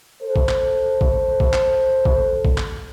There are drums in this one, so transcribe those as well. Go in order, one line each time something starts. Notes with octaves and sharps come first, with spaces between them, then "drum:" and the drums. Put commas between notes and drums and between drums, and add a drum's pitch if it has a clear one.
A4 C5
drum: kick
drum: clap
drum: kick
drum: kick
drum: clap
drum: kick
drum: kick
drum: clap